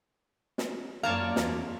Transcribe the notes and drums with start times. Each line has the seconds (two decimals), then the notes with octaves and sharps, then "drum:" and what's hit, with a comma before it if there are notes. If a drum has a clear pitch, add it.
0.58 drum: snare
1.03 F#2 A#3 F4 C#5 D5 F5 A5 A#5
1.36 E2, drum: snare